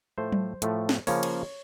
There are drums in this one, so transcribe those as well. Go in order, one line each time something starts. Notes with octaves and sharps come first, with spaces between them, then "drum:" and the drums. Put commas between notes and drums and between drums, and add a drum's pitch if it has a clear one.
A2 F3 A3 C5
drum: tom F#3
A2 F3 A3, drum: hi-hat
drum: snare
C#3 F3 A#3 C#4 C#5, drum: open hi-hat
drum: cymbal